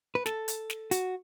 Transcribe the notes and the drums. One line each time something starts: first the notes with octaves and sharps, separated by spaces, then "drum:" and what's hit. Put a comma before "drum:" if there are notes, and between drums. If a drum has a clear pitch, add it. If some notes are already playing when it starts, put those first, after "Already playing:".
B4
A4, drum: snare
drum: hi-hat
drum: snare
F#4, drum: hi-hat